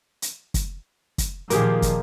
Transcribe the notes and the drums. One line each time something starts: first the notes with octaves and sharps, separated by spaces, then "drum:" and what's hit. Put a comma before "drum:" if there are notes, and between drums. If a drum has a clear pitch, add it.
drum: hi-hat
drum: kick, hi-hat
drum: kick, hi-hat
A#2 D#3 F3 A#3 G4 G#4, drum: hi-hat
drum: kick, hi-hat